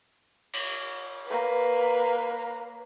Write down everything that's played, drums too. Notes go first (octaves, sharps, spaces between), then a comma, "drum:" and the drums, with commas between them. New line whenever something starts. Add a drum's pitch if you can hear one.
drum: cymbal
A#3 B4